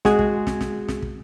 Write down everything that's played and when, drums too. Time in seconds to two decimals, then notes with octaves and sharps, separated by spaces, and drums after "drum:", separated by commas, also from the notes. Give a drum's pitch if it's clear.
0.05 G#3 F#4 G#4 G#6, drum: snare
0.19 drum: kick
0.47 drum: snare
0.61 drum: snare
0.88 drum: snare
1.02 drum: kick